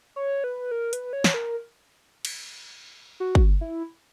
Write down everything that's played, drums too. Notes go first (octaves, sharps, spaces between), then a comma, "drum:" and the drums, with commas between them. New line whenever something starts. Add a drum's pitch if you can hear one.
C#5
B4
A#4
B4, drum: hi-hat
C#5
drum: snare
A#4
drum: cymbal
F#4
drum: kick
E4